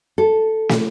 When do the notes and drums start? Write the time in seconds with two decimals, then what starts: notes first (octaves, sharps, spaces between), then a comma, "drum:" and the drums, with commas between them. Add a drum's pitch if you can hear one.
0.18 A4
0.69 drum: snare